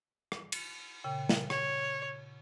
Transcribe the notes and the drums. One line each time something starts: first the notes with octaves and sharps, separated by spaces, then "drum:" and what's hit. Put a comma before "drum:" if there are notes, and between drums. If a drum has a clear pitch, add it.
drum: rim click
drum: cymbal
A#2 C#3 G5
drum: snare
C#5, drum: rim click